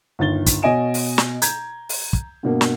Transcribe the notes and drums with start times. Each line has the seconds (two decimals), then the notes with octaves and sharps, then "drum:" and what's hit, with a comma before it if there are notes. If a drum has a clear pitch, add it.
0.19 G1 D#2 A6 G7
0.46 drum: kick, hi-hat
0.62 B2 C#5 D#5 G#5 D7 E7
0.94 drum: open hi-hat
1.18 drum: snare
1.42 A#5 G6 G#6, drum: hi-hat
1.89 drum: open hi-hat
2.13 drum: kick
2.43 G2 B2 A#3
2.61 drum: snare